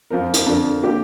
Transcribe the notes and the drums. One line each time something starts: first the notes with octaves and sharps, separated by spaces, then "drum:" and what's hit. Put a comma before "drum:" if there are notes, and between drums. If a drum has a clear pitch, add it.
F2 F3 C4 A#4
drum: hi-hat
F2 D3 F3 D4 A#4
D3 A#3 G4